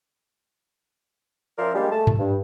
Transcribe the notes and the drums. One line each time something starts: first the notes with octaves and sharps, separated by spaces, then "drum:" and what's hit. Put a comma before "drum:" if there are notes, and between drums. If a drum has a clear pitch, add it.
F3 C#4 A#4 C5 D5 E5
G3 G#3 A#3 D4 G4 G#4
A3 A5
drum: tom G2
G2